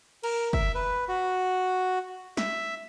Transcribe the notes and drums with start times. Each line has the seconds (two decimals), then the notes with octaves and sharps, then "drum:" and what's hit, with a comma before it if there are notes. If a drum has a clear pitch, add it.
0.23 A#4, drum: cymbal
0.53 E5, drum: kick
0.75 B4
1.08 F#4
2.37 E5, drum: snare